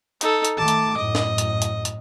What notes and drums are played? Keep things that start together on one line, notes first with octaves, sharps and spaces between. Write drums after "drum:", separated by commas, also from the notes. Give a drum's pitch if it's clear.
D#4 A4, drum: hi-hat
drum: hi-hat
D#3 A3 A5 D6
drum: hi-hat
F#2 A2 D#5
drum: snare
drum: hi-hat
drum: hi-hat
drum: hi-hat